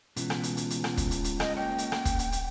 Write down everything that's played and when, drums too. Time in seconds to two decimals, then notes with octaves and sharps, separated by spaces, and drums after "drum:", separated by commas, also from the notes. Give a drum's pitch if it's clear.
0.16 C#2 B2 E3, drum: hi-hat
0.30 drum: rim click
0.43 drum: hi-hat
0.57 drum: hi-hat
0.70 drum: hi-hat
0.84 drum: rim click
0.97 drum: kick, hi-hat
1.11 drum: hi-hat
1.24 drum: hi-hat
1.40 D#5, drum: rim click
1.57 A#3 C#4 G5
1.78 drum: hi-hat
1.92 drum: rim click
2.05 drum: kick, hi-hat
2.19 drum: hi-hat
2.32 drum: hi-hat